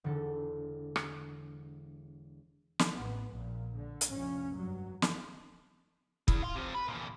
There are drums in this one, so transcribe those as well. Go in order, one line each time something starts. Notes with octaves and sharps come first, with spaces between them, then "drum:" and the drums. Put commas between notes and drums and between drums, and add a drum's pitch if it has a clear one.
E1 D3 A4
drum: rim click
drum: snare
A1 B3
A#1 A#2
D3
drum: hi-hat
F1 A#1 C#4
G2 F#3
drum: snare
E4 G#4, drum: kick
F5 C6
C3 F3
B4
E2 A#2